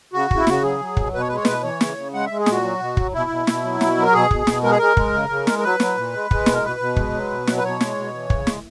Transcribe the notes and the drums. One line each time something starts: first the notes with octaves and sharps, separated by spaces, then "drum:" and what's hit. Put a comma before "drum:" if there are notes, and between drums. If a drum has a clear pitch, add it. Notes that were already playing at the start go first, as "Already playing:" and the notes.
C#3 F#4
C#3, drum: kick
E4
C#3 F#4, drum: snare
F#3 G#4
F#3
B2, drum: kick
B2 B4
C#5
G#3 B4
C#5
B2 B4, drum: snare
E3 C#5
C#3, drum: snare
C#3
G#3 F#5
G#3 E5
G#4
A#2 F#4, drum: snare
F#3
B2
F#3, drum: kick
B2 E4
B2
B2, drum: snare
F#3
B2, drum: snare
F#3
A#4
B2 G#4
B2, drum: kick
B2, drum: snare
G#3 A#4
G#4
G#3 A#4
G#3, drum: kick
C#3
C#3
G#3, drum: snare
A#4
F#3 B4
F#3, drum: snare
A#2
G#3
G#3, drum: kick
B2, drum: snare
A#4
B2 B4
B2
G#3, drum: kick
F#3
B2
F#3, drum: snare
B4
B2 C#5
G#3, drum: snare
B2
E3
C#3, drum: kick
G#3, drum: snare